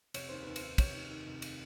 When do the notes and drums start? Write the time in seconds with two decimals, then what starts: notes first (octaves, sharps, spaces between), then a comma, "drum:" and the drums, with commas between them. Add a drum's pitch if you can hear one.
0.14 F1 C#5, drum: cymbal
0.29 D#2 C5
0.42 D#2 B4
0.56 C5, drum: cymbal
0.62 D#2
0.78 F1 C#5, drum: kick, cymbal
0.94 D#3
1.10 D#3
1.26 F1
1.42 drum: cymbal